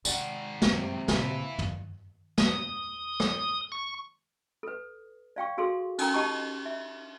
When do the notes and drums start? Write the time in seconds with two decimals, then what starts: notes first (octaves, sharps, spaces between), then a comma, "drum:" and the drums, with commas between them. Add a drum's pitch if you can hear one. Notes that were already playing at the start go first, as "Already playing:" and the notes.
0.05 G#2 C3 D#3 D5 F#5, drum: tambourine
0.62 F#2 C3 F#3, drum: snare
1.08 A#2 C#3 E4 B4 F5 G#5, drum: snare
1.59 E2, drum: tom
2.38 D#6, drum: snare
3.20 drum: rim click
3.72 C#6
4.63 A4 B4
5.36 D5 F5 G5 C#6
5.58 F#4 G#4 A4 F5 C6
5.98 C#4 D#4 A4 A#4 G5 A#5, drum: cymbal
6.14 D#4 G4 D#5 A5 A#5 C#6
6.66 E5